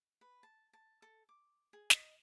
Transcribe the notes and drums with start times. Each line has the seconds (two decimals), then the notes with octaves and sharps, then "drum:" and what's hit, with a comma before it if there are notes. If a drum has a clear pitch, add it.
0.21 B4
0.43 A5
0.73 A5
1.02 A4
1.29 D6
1.73 G#4
1.90 D#5, drum: snare